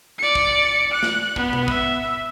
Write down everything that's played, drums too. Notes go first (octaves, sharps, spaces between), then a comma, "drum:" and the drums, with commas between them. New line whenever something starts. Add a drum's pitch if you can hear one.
D5 C#7
drum: kick
F#6
drum: snare
B3, drum: kick
drum: tom B2
E5, drum: kick